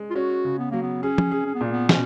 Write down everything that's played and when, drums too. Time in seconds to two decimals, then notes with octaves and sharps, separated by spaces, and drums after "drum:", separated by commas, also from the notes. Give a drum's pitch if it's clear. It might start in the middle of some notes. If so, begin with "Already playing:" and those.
Already playing: G#3
0.10 F4
0.15 C#4 F#4
0.45 C#3
0.59 B3
0.71 F#3 A#3
0.83 B3
1.03 C#4 G#4
1.18 drum: tom F3
1.31 G#4
1.46 C#4
1.55 B3
1.61 A#2 A#3
1.72 B3
1.89 B2 C#4, drum: snare